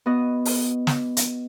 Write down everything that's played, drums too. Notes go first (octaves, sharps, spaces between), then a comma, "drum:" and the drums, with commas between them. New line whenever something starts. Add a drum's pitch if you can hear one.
B3 F#4 D#5
drum: open hi-hat
drum: snare
drum: hi-hat